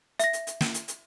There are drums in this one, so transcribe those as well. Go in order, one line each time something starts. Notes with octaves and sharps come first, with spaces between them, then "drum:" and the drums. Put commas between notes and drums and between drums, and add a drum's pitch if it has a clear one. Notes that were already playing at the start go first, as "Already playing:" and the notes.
E5 A#6, drum: hi-hat
drum: hi-hat
drum: hi-hat
drum: snare
drum: hi-hat
drum: hi-hat